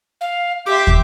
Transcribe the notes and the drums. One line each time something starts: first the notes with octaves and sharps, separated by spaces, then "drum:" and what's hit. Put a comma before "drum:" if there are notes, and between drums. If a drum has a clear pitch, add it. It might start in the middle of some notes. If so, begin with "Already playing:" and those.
F5
G4 E5 C6 D6
drum: kick